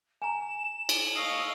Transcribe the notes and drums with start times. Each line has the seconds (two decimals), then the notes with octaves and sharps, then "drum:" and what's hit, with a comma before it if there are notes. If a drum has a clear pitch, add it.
0.22 G#5 A#5 E7
0.89 drum: cymbal
1.16 D#5 F5 C#6 E6